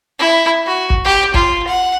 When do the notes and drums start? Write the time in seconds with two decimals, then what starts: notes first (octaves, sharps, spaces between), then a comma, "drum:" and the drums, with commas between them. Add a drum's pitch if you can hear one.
0.19 E4
0.66 F#4
0.90 drum: kick G1
1.04 G4
1.34 F4, drum: kick G1
1.67 F#5